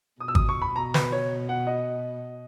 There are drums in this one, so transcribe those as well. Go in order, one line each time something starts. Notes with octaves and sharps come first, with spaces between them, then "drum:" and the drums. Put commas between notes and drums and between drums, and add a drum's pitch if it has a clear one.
B2 D#6
E6
D#6, drum: kick G#1
C#6
B5
B2 A#5
B4, drum: snare
C#5
F#5
D#5